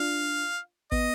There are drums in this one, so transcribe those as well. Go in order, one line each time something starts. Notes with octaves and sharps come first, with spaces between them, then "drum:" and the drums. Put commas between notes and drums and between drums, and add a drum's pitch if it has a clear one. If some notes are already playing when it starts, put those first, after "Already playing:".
Already playing: D4 F4 F5
B3 D#5, drum: kick G#1